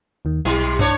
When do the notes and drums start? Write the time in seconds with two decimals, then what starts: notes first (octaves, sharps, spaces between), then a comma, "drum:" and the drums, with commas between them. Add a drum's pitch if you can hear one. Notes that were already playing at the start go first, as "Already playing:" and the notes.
0.25 D#2 D#3
0.45 B1 C3 G3 E4 C6
0.79 D4 C#5, drum: tom